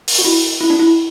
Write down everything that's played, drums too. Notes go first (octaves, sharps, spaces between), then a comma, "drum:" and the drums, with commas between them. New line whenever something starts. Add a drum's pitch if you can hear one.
drum: open hi-hat
F#4
E4
E4
D4
E4